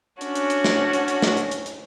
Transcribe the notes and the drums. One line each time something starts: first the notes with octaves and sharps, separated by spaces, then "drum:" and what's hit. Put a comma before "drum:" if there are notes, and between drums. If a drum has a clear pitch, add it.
C#4 D4 F#4, drum: hi-hat
drum: hi-hat
drum: hi-hat
drum: snare
drum: hi-hat
drum: hi-hat
drum: snare
drum: hi-hat
drum: hi-hat
drum: hi-hat